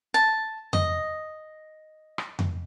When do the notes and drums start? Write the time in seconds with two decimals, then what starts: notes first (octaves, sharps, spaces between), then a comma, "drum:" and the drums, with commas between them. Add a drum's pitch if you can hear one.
0.14 A5
0.73 D#5, drum: tom F2
2.18 drum: rim click
2.39 drum: tom F2